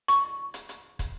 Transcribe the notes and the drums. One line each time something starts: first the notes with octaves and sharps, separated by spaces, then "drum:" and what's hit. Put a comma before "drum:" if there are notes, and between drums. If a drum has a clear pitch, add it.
C#6, drum: hi-hat
drum: hi-hat
drum: hi-hat
drum: kick, hi-hat